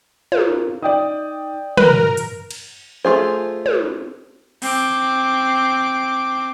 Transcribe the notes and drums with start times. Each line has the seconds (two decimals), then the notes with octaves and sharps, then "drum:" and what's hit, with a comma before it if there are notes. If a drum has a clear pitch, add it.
0.32 F4 A#4, drum: tom
0.82 D#4 D5 G5 D#6
1.77 E3 F#3 A#4 B4, drum: tom
2.17 drum: hi-hat
2.51 drum: cymbal
3.04 A3 F4 G#4 C5
3.66 drum: tom
4.62 C4 D6, drum: open hi-hat